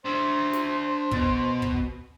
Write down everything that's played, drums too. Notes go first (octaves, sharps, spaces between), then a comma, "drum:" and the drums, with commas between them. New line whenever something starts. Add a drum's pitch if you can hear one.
D4 C5 E5
drum: snare
B2, drum: kick
drum: kick